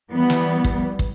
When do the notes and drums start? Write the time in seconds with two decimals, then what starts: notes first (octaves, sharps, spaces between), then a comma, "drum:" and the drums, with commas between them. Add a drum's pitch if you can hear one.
0.12 E3 G3 B3
0.30 drum: snare
0.64 drum: kick
0.99 drum: kick